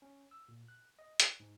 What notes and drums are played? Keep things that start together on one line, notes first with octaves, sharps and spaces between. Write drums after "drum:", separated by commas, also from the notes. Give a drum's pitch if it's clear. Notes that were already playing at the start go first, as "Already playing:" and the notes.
C#4
E6
A#2
F#6
D#5
F#6, drum: hi-hat
G#2